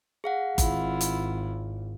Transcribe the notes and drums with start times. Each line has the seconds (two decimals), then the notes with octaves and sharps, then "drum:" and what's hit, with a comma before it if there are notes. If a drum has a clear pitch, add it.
0.24 G#4 F5 F#5
0.58 G#1 E4 F4, drum: kick F#1, hi-hat
1.01 drum: hi-hat